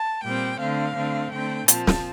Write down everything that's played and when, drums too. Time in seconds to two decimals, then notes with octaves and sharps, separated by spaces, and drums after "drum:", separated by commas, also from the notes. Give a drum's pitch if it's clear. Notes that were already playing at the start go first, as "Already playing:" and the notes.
Already playing: A5
0.24 A#2 G3 C4 G5
0.60 D3 A3 C4 F5
0.96 D3 A3 C4
1.32 D3 A3 C4 G5
1.68 A#2 F3 C4 A5, drum: hi-hat
1.87 drum: snare